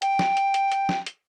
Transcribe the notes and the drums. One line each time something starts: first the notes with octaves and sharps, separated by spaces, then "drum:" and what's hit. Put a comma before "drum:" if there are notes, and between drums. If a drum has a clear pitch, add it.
G5, drum: hi-hat
drum: snare
drum: hi-hat
drum: hi-hat
drum: hi-hat
drum: snare
drum: hi-hat